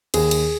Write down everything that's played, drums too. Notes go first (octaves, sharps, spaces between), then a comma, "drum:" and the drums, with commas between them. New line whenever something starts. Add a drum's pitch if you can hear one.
D#2 G#4, drum: cymbal
drum: cymbal